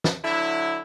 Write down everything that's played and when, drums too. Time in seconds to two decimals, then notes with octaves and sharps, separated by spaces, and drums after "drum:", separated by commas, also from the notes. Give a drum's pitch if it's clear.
0.04 drum: snare
0.23 D3 F#3 E4